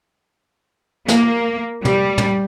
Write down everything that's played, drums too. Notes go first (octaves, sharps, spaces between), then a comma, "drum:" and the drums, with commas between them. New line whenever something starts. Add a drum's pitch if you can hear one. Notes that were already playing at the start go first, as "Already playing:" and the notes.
A#3, drum: snare
G3, drum: tom
drum: tom